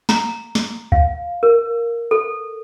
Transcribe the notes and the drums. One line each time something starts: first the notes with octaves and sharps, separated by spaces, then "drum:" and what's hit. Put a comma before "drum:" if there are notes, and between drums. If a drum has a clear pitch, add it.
A#5, drum: snare
drum: snare
F5, drum: kick
A#4
A4